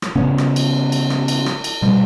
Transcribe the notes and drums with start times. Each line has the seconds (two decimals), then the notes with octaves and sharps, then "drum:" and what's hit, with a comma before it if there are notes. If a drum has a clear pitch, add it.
0.02 drum: rim click
0.16 C#3 B3 C#4
0.38 drum: rim click
0.56 drum: cymbal
0.92 drum: cymbal
1.10 drum: rim click
1.28 drum: cymbal
1.46 drum: rim click
1.64 drum: cymbal
1.82 B2 G3